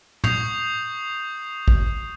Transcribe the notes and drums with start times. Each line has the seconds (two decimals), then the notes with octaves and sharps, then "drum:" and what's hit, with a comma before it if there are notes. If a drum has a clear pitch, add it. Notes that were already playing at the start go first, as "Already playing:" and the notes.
0.24 C#6 D#6 G6 C7 F7, drum: tom
1.68 drum: kick